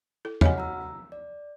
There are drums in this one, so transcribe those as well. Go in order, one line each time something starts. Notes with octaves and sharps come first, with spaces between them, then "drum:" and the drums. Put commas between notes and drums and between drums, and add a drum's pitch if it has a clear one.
E4 A4
F#4 C#5 D#5 F#5 G#5 F6, drum: tom E2
A#5 E6
D5